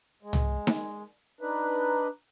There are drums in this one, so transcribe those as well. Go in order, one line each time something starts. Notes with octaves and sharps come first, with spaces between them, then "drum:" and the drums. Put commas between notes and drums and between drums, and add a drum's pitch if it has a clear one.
G#3
drum: tom
drum: snare D#4
D4 D#4 B4